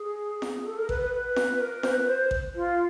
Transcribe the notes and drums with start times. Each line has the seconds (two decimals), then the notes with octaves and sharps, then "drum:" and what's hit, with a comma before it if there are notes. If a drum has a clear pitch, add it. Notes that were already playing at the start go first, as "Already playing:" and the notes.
Already playing: G#4
0.42 drum: snare
0.66 A4
0.77 A#4
0.89 B4, drum: kick A1
1.01 B4
1.13 B4
1.36 drum: snare
1.61 A#4
1.83 C5, drum: snare
1.87 B4
2.07 C5
2.31 drum: kick A1
2.55 F4